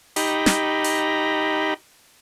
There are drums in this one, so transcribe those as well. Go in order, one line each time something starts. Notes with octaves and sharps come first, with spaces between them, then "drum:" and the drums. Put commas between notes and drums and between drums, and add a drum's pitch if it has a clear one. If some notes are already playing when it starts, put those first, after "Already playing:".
D#4 G4 A#5 B5, drum: open hi-hat
drum: snare
drum: open hi-hat